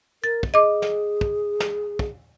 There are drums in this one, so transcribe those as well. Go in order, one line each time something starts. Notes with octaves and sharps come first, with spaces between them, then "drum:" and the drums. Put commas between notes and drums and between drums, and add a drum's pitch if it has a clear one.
A#4 A6
drum: kick
G#4 D#5 D6
drum: snare
drum: kick
drum: snare
drum: kick